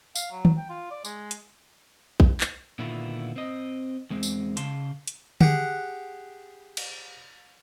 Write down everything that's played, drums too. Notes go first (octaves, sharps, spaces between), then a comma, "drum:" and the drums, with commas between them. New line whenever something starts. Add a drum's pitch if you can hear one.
F5, drum: tambourine
F#3
drum: tom
G5
F4
D5
G#3, drum: tambourine
drum: hi-hat
drum: kick A#1
drum: clap
A#2 D3 D#3 B3 E4 F4
C4 D#5
E2 G#3 C4
drum: tambourine
C#3 F5 A5 C6, drum: hi-hat
drum: hi-hat
G4 G#4 F#5, drum: tom D3
drum: cymbal